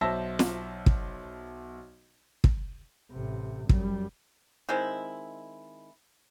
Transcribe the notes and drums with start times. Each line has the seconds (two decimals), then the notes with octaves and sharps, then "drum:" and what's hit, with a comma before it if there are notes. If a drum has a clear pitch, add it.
0.01 B1 C5 E5 A5 E6 A#6
0.39 drum: snare
0.86 drum: kick
2.44 drum: kick
3.12 A1 C3
3.69 F#2 G3, drum: kick
4.69 D#3 G#3 C4 E4